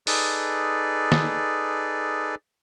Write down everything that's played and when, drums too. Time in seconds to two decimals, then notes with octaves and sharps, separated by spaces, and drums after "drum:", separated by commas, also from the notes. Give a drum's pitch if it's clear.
0.07 D#4 G#4 A4 B4 D5, drum: open hi-hat
1.12 drum: snare